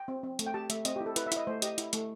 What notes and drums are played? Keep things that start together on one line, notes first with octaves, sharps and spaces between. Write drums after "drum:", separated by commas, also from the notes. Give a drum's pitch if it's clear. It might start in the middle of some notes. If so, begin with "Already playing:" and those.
Already playing: G5
C4
C4
A3, drum: hi-hat
G5
G4 A5
A3 E5, drum: hi-hat
C4 D#5, drum: hi-hat
E4 G4
A4
E4 B4, drum: hi-hat
E5
E4 D#5, drum: hi-hat
A3 C5
G4 D#5, drum: hi-hat
E4, drum: hi-hat
A3, drum: hi-hat